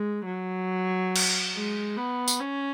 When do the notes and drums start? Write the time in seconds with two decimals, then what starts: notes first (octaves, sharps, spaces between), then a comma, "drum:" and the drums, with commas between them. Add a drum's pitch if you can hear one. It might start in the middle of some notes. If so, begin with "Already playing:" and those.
Already playing: G#3
0.25 F#3
1.16 drum: cymbal
1.54 G#3
1.97 B3
2.28 drum: tambourine
2.40 C#4